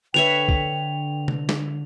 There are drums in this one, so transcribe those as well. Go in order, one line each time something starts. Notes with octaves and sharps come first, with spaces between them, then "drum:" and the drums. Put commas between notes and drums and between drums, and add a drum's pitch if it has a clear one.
D3 B4 C#5 E5 G5 F7
drum: kick
drum: tom C3
drum: snare